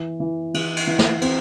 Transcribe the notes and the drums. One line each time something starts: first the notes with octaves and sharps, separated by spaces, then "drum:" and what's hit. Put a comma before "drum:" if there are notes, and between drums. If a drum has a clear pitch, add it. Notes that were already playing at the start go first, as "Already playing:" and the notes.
Already playing: E3
E3
E3, drum: cymbal
drum: cymbal
E3
drum: snare
C4, drum: cymbal